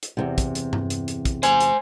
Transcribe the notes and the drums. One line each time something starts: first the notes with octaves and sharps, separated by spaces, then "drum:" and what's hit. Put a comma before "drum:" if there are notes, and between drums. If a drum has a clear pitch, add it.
drum: hi-hat
E2 G#2 C3
drum: kick, hi-hat
drum: hi-hat
drum: tom G2
drum: hi-hat
drum: hi-hat
drum: kick, hi-hat
C5 G#5, drum: hi-hat
drum: hi-hat